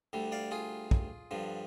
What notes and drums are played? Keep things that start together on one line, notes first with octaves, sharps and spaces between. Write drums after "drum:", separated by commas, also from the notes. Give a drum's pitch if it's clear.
D2 D3 G3
D5 F5
F4 G#4
drum: kick
G2 D3 F3